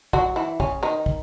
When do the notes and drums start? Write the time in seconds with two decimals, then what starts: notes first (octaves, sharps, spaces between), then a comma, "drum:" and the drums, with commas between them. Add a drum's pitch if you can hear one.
0.13 F#3 F#4, drum: kick
0.36 E3 E4
0.60 C#3 C#4, drum: kick
0.83 D#3 D#4
1.06 drum: kick